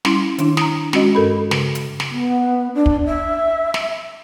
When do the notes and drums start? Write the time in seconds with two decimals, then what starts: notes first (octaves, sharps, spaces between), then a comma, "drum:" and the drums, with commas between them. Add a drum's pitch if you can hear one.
0.05 G3 C#4 E4 C6, drum: snare
0.38 D#3 D4 E4, drum: hi-hat
0.57 A#5 D#6, drum: snare
0.93 G#3 C#4 F#4 D#5, drum: snare
1.15 G2 F#4 A4 A#4 B5
1.51 C#3, drum: snare
1.75 drum: hi-hat
2.00 drum: snare
2.10 B3
2.75 D4
2.86 drum: kick
3.06 E5
3.74 drum: snare